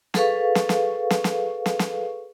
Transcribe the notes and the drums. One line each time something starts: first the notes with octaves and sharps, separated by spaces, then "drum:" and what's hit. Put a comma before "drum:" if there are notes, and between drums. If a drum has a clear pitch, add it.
G#4 A4 B4 F5 C#6, drum: snare
drum: snare
drum: snare
drum: snare
drum: snare
drum: snare
drum: snare